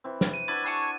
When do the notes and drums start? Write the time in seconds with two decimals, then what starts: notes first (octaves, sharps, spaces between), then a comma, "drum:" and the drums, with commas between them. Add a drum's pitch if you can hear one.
0.04 E3 C4
0.21 drum: snare
0.34 D#7
0.48 D4 E4 F#4 B4 G#6 A6
0.65 G#4 A5 C#6